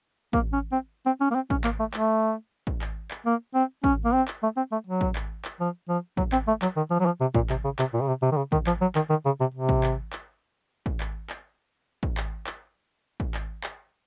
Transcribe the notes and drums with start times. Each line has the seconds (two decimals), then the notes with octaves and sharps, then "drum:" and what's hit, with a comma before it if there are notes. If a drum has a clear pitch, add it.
0.33 A#3, drum: kick
0.53 C#4
0.72 C4
1.06 C4
1.21 C#4
1.31 A#3
1.35 C4
1.50 C#4, drum: kick
1.64 A#3, drum: clap
1.79 A3
1.94 A3, drum: clap
2.67 drum: kick
2.82 drum: clap
3.11 drum: clap
3.26 A#3
3.54 C4
3.84 C#4, drum: kick
4.05 A#3
4.13 C4
4.28 drum: clap
4.43 A3
4.57 C4
4.72 A3
4.86 F#3
5.01 drum: kick
5.16 drum: clap
5.45 drum: clap
5.60 F3
5.89 F3
6.17 F#3, drum: kick
6.32 C4, drum: clap
6.48 A3
6.62 F#3, drum: clap
6.76 D#3
6.90 F3
7.00 F#3
7.06 F3
7.20 C3
7.35 A#2, drum: kick
7.50 C3, drum: clap
7.64 C#3
7.79 C3, drum: clap
7.93 A#2
8.01 C#3
8.07 C3
8.22 C3
8.32 D#3
8.37 C#3
8.52 D#3, drum: kick
8.67 F3, drum: clap
8.81 F#3
8.95 D#3, drum: clap
9.10 D#3
9.25 C#3
9.40 C3
9.54 C3
9.69 drum: kick
9.83 drum: clap
10.13 drum: clap
10.86 drum: kick
11.00 drum: clap
11.30 drum: clap
12.03 drum: kick
12.17 drum: clap
12.47 drum: clap
13.20 drum: kick
13.34 drum: clap
13.64 drum: clap